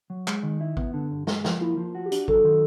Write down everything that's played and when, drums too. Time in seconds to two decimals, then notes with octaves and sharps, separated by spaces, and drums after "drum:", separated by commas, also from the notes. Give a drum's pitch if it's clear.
0.10 F#3
0.28 G#3, drum: clap
0.43 D#3
0.60 E4
0.77 B3, drum: kick
0.94 D3
1.11 G2
1.27 G#3, drum: snare
1.44 F3, drum: snare
1.61 A#3 E4
1.77 F3
1.95 F#4
2.05 G4
2.12 D4, drum: hi-hat
2.28 F#3 A4, drum: kick
2.44 D#3